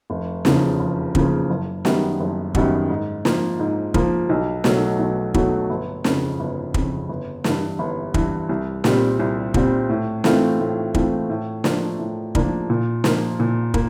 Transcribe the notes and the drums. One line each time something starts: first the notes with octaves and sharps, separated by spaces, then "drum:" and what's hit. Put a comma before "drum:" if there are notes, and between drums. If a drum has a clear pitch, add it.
F1
E2 C#3 F3 A#3, drum: snare
F1
E2 C#3 F3 A#3, drum: kick
F#1
F#2 D#3 G3 B3, drum: snare
F#1
F#2 D#3 G3 B3, drum: kick
G#2
F3 A#3, drum: snare
G#2
F3 A#3, drum: kick
B1
B2 F#3 A3, drum: snare
B1
B2 F#3 A3, drum: kick
G1
F2 C#3, drum: snare
G1
F2 C#3, drum: kick
G1
G2 E3, drum: snare
G1
G2 E3, drum: kick
C2
A#2 G3 C4, drum: snare
C2
A#2 G3 C4, drum: kick
A2
E3 A3 C4 F4, drum: snare
A2
E3 A3 C4 F4, drum: kick
A2
F3 A#3 D4, drum: snare
A2
F3 A#3 D4, drum: kick
A#2
F3 A#3, drum: snare
A#2
A#3, drum: kick